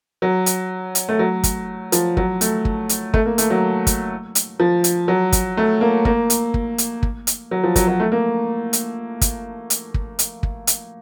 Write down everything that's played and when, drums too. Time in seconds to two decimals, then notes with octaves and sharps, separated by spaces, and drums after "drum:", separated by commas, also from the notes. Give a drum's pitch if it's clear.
0.22 F#3
0.46 drum: hi-hat
0.95 drum: hi-hat
1.09 A3
1.19 F#3
1.44 drum: kick, hi-hat
1.92 F3, drum: hi-hat
2.17 F#3, drum: kick
2.41 A3, drum: hi-hat
2.65 drum: kick
2.89 drum: hi-hat
3.14 A3, drum: kick
3.26 A#3
3.38 A3, drum: hi-hat
3.50 F#3
3.87 drum: kick, hi-hat
4.35 drum: hi-hat
4.60 F3
4.84 drum: hi-hat
5.08 F#3
5.32 drum: kick, hi-hat
5.57 A3
5.81 A#3
6.05 A#3, drum: kick
6.30 drum: hi-hat
6.54 drum: kick
6.78 drum: hi-hat
7.03 drum: kick
7.27 drum: hi-hat
7.51 F#3
7.63 F3
7.76 F#3, drum: kick, hi-hat
7.88 F#3
8.00 A3
8.12 A#3
8.73 drum: hi-hat
9.21 drum: kick, hi-hat
9.70 drum: hi-hat
9.94 drum: kick
10.19 drum: hi-hat
10.43 drum: kick
10.67 drum: hi-hat